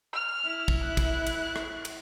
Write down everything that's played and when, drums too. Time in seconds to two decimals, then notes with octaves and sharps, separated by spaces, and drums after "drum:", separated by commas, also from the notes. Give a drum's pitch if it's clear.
0.13 F6
0.45 E4
0.68 drum: kick
0.83 F#6
0.97 drum: kick, cymbal
1.26 drum: cymbal
1.56 drum: rim click
1.85 drum: cymbal